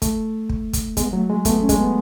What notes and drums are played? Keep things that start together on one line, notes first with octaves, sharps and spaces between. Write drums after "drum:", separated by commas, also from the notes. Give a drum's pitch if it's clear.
A3, drum: kick, hi-hat
drum: kick
drum: kick, hi-hat
G#3 B3, drum: kick, hi-hat
F#3 A3
G#3 A3
A3 B3, drum: kick, hi-hat
C#4
G#3, drum: kick, hi-hat
B3